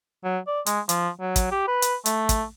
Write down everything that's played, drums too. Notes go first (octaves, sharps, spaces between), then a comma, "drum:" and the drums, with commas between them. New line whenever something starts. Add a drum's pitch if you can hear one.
F#3
D5
G#3, drum: hi-hat
F3, drum: hi-hat
F#3
drum: kick, hi-hat
G4
B4
drum: hi-hat
A3, drum: hi-hat
drum: kick, hi-hat